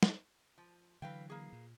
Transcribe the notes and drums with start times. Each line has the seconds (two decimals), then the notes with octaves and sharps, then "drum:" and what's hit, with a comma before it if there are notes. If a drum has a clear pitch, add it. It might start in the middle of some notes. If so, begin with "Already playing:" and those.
0.03 drum: snare
0.58 F3
1.02 D3 E3 F#3 B4 F5 G5
1.30 A#3 G#4
1.53 A#2